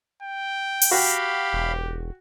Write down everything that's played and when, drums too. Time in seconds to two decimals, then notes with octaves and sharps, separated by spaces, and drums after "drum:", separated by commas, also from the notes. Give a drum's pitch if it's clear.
0.22 G5
0.82 drum: open hi-hat
0.91 F#4 G4 F5 G5 B5
1.53 E1